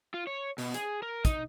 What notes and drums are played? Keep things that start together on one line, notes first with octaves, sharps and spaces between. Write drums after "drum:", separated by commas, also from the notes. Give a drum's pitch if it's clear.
F4
C#5
B2, drum: open hi-hat
G#4, drum: hi-hat
A#4
D#4, drum: kick, hi-hat